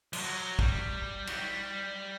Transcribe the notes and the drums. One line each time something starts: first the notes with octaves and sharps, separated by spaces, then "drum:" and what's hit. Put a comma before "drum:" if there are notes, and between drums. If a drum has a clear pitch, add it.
F3, drum: cymbal
F#3
G3, drum: kick
F#3, drum: cymbal
G3